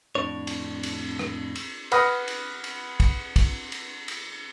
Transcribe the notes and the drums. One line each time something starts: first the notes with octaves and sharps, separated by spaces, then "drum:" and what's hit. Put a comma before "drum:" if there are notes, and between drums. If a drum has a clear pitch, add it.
F2 A2 D4 C#5
drum: cymbal
drum: cymbal
drum: rim click
drum: cymbal
B4 F#5 B5 D#6 F6 A#6, drum: cymbal
drum: cymbal
drum: cymbal
drum: kick, cymbal
drum: kick, cymbal
drum: cymbal
drum: cymbal